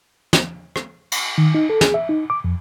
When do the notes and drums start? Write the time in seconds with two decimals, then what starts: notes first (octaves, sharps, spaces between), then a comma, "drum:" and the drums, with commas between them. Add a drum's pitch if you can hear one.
0.33 drum: snare
0.76 drum: rim click
1.12 drum: cymbal
1.38 D#3
1.55 D#4
1.70 A4
1.81 G#4, drum: snare
1.94 E5
2.09 D#4
2.30 D6
2.44 F2